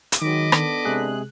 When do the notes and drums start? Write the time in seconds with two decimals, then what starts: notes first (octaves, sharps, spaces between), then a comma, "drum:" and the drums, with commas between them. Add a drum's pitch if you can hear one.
0.12 drum: hi-hat
0.21 D#3 F#3 G#3 D#4 D#5 B5 D6
0.52 B3 D4 A4, drum: rim click
0.85 C3 G#3 G#4 F#6